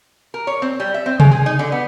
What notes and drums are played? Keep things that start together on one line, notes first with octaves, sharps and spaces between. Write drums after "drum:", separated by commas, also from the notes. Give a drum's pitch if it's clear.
A#4
C#5
C4
G3
E5
C4
G#3, drum: tom C3
G#4
D#4
D3
B3